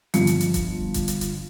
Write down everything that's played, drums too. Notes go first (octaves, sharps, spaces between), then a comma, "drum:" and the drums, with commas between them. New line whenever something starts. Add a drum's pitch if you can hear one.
G1 F3 C#7, drum: hi-hat
drum: hi-hat
drum: hi-hat
drum: kick F1, hi-hat
drum: kick F1, hi-hat
drum: hi-hat
drum: hi-hat